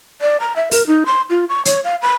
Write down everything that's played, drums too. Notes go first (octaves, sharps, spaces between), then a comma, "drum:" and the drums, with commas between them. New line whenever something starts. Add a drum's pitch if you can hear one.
D5
A#5
E5
A#4, drum: open hi-hat
D#4
C6
F4
C#6
C#5, drum: hi-hat
F5
B5